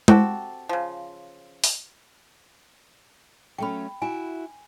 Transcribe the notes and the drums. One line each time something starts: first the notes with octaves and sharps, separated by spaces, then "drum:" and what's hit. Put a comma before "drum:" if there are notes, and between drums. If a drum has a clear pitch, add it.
C4 F#4 G4 A4, drum: tom G#3
C#3 F3
drum: open hi-hat
F#3 A3 C#4 G5 B5
E4 F#4 G#5